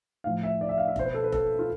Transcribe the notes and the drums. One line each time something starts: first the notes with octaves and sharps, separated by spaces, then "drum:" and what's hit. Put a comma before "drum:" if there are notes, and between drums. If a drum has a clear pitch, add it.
A2 F3 F5
E5
D5
E5
F5
E5
B2 C5, drum: kick F1
B4
A4
B4
A4, drum: kick F1
F4